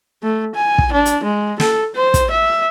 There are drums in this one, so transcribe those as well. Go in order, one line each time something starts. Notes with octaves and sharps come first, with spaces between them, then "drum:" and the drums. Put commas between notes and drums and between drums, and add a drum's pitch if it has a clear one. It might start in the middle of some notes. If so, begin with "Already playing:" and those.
A3
G#5
drum: kick
D4
drum: hi-hat
G#3
A4, drum: snare
C5
drum: kick, hi-hat
E5